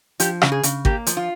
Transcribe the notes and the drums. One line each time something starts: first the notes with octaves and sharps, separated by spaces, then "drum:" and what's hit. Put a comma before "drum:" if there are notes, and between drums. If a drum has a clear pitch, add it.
F3 G4, drum: hi-hat
C#3, drum: rim click
G#4
C#3, drum: hi-hat
A#3 G4, drum: kick
F3, drum: hi-hat
F4